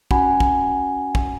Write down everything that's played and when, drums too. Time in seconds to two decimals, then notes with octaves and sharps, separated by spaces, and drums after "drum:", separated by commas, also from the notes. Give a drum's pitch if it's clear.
0.11 C#4 F#4 F#5 G#5 B5, drum: kick
0.40 drum: kick
1.15 drum: kick